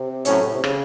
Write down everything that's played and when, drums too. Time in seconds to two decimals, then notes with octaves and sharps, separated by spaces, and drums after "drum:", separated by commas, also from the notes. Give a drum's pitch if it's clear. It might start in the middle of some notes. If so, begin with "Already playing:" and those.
Already playing: C3
0.25 A2 F#3 C#4, drum: hi-hat
0.43 A2
0.54 C3
0.64 C#3, drum: rim click